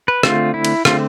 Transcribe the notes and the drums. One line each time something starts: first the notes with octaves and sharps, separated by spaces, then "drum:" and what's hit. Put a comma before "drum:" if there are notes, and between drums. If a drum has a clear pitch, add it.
B4
D3 A3 C4 F4, drum: rim click
E4
drum: cymbal
D3 A3 C4 F4, drum: rim click